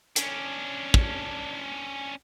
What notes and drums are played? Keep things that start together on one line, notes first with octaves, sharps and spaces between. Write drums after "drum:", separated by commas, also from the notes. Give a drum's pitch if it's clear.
C#4 D4, drum: hi-hat
drum: kick